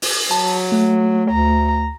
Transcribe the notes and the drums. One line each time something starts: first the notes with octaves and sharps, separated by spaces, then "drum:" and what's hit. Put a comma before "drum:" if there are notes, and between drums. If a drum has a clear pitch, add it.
drum: open hi-hat
F#3 A5
A3
D2 A#5